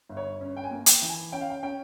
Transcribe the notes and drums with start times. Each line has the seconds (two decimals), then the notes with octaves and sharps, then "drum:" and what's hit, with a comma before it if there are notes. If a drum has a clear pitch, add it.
0.09 G1
0.17 C#5
0.41 C#4
0.56 G5
0.64 G#5
0.71 A#3
0.86 G5, drum: hi-hat
1.02 E3
1.09 G#5
1.32 C#4 G5
1.41 F5
1.50 G5
1.63 C#4 G5